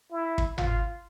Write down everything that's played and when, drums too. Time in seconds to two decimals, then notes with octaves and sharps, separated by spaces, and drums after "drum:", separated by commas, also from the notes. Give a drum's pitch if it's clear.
0.12 E4
0.38 drum: kick
0.58 F4, drum: tom G#1